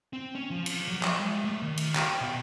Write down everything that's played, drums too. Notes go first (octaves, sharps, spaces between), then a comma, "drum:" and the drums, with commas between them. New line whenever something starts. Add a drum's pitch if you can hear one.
C4
C#4
F3
drum: cymbal
F#3
F3, drum: clap
G#3
A3
D#3
drum: cymbal
G5, drum: clap
B2